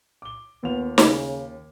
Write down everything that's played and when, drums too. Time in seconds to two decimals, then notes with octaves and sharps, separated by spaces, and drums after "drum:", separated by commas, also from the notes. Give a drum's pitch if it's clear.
0.22 D6 G7
0.63 D#2 B3 F4 F7
0.98 C#3, drum: snare